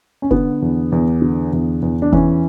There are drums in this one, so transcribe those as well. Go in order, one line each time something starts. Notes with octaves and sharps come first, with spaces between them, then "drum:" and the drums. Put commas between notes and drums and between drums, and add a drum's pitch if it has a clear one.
C#4
D3 B3, drum: kick F1
E2
E2
D3
E2
E2
D4
E3 C#4, drum: kick F1